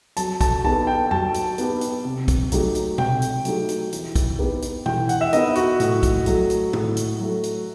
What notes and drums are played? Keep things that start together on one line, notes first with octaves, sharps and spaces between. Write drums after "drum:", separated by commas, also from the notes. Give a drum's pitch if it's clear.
F#3 A5, drum: hi-hat
A5, drum: kick, hi-hat
B3 D#4 G4 A5
G5
F#3 A5, drum: tom F2
drum: hi-hat
B3 D#4 G4, drum: hi-hat
drum: hi-hat
C3
drum: kick, hi-hat
F#3 A3 D#4 G4, drum: hi-hat
drum: hi-hat
C3 G5, drum: tom
drum: hi-hat
F#3 A3 D#4 G4, drum: hi-hat
drum: hi-hat
E3, drum: hi-hat
drum: kick, hi-hat
B3 D#4 G4 B4
drum: hi-hat
E3 G5, drum: tom
F#5, drum: hi-hat
E5
B3 D#4 G4 B4 D#5, drum: hi-hat
F#4, drum: hi-hat
A2, drum: hi-hat
drum: kick, hi-hat
F#3 A3, drum: hi-hat
drum: hi-hat
A2, drum: tom
drum: hi-hat
F#3 A3
drum: hi-hat